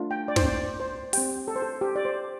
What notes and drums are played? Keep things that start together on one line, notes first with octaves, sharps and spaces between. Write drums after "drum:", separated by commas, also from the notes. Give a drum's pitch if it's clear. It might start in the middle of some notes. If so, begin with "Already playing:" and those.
Already playing: A3 D4 F4
G5
D5
C5, drum: snare
D5
C5
C4 G4 G5, drum: open hi-hat
A4
C5
A4
G4
D5
C5